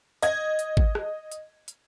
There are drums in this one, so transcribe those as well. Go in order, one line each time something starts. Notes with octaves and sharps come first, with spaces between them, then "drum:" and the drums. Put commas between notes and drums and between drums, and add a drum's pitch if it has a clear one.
D#5 G#6, drum: hi-hat
drum: hi-hat
drum: kick G#1
drum: rim click
drum: hi-hat
drum: hi-hat